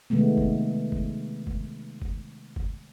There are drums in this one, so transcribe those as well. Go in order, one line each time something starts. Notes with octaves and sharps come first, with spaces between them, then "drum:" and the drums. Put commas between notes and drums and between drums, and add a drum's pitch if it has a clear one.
C3 D#3 G#3 A3 B3
drum: kick G1
drum: kick G1
drum: kick G1
drum: kick G1
drum: kick G1